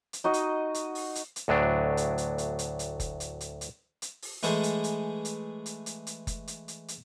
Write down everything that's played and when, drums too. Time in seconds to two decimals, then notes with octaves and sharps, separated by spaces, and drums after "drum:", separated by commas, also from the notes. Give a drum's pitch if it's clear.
0.13 drum: hi-hat
0.24 D#4 F#4 D#5
0.34 drum: hi-hat
0.74 drum: hi-hat
0.95 drum: open hi-hat
1.15 drum: hi-hat
1.36 drum: hi-hat
1.48 D2 A2 F#3 D4
1.97 drum: hi-hat
2.18 drum: hi-hat
2.38 drum: hi-hat
2.59 drum: hi-hat
2.79 drum: hi-hat
3.00 drum: kick F#1, hi-hat
3.20 drum: hi-hat
3.41 drum: hi-hat
3.61 drum: hi-hat
4.02 drum: hi-hat
4.22 drum: open hi-hat
4.43 E3 G#3 A3 G#4 A4 C5, drum: hi-hat
4.63 drum: hi-hat
4.84 drum: hi-hat
5.25 drum: hi-hat
5.66 drum: hi-hat
5.86 drum: hi-hat
6.07 drum: hi-hat
6.27 drum: kick F#1, hi-hat
6.47 drum: hi-hat
6.68 drum: hi-hat
6.88 drum: hi-hat